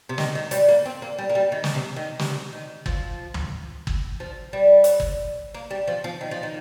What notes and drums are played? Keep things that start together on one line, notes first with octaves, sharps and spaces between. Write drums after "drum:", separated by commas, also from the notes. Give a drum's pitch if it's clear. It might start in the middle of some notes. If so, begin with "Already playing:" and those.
C3
D#3, drum: snare
D#3
G3, drum: hi-hat
A#3
C4
A#3
G3
A#3
G3
D#3
drum: snare
C3
D#3
C3, drum: snare
D#3
F3, drum: kick G1
drum: tom
drum: kick G1
F3
G3
drum: hi-hat
drum: kick G1
A#3
G3
F3
F3
D#3
F3
D#3